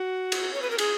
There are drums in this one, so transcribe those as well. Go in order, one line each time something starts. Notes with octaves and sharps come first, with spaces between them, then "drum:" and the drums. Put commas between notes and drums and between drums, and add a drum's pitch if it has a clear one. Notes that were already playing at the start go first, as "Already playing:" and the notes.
Already playing: F#4
drum: cymbal
C#5
B4
A#4
G#4, drum: cymbal